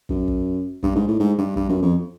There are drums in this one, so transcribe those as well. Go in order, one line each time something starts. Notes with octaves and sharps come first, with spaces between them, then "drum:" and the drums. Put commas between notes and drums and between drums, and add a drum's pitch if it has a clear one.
F#2, drum: kick
drum: kick
G2, drum: kick
G#2
A2
G#2
G2
G2, drum: kick
F#2
F2